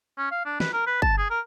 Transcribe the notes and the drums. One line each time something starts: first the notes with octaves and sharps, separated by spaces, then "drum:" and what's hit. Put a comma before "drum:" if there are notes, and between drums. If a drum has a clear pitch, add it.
C#4
F5
D4
B4, drum: snare
A#4
B4
A5, drum: kick
G#4
A#4